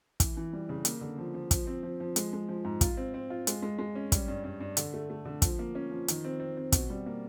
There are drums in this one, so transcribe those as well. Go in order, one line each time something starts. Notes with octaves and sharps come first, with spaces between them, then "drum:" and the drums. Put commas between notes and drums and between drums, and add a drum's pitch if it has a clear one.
E3, drum: kick, hi-hat
E3
G3
C#3
A#3, drum: hi-hat
D3
F3
F3
F3, drum: kick, hi-hat
C4
F3
F3
G#3, drum: hi-hat
G#3
F3
G#2
F4, drum: kick, hi-hat
C4
C4
F4
G#3, drum: hi-hat
G#3
G#3
C#4
G3, drum: kick, hi-hat
G2
G2
G2
D3, drum: hi-hat
A3
A3
D3
F3, drum: kick, hi-hat
A#3
C#4
F3
D#3, drum: hi-hat
C4
C4
C4
B2, drum: kick, hi-hat
G3
A#3